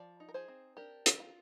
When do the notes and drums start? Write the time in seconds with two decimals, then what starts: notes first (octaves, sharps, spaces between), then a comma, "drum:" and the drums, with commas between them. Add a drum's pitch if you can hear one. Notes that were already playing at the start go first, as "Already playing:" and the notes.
Already playing: F3 D5
0.20 D#4
0.29 A#4
0.34 G#4 C5
0.48 C4
0.77 D4 G4 A#4
1.06 D#3, drum: hi-hat
1.20 F4